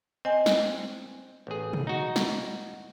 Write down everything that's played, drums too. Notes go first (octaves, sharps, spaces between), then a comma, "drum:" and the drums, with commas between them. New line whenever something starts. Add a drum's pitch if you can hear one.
C4 D#5 G#5
drum: snare
A1 G#4
drum: tom
D#4 F#4
drum: snare